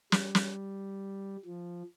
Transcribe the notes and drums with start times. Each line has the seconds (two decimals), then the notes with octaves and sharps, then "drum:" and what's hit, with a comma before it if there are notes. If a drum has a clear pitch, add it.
0.12 G3, drum: snare
0.35 drum: snare
1.45 F3